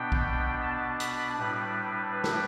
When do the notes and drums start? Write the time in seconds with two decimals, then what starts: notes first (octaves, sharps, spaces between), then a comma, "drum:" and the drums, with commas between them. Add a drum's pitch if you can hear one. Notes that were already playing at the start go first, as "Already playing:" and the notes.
Already playing: B2 B3 D4 G5
0.12 drum: kick B1
0.63 A5
1.00 B5, drum: hi-hat
1.37 A2 G3 D4 B4
2.12 B4
2.24 drum: snare